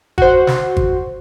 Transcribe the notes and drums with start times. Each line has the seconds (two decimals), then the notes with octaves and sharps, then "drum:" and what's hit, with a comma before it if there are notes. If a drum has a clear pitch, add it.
0.18 F#4 C5, drum: kick G#1
0.47 drum: snare
0.77 drum: kick G#1